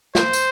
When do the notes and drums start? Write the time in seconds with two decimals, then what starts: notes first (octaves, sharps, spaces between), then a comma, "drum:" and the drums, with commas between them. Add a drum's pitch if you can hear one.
0.15 C5, drum: snare
0.33 drum: tambourine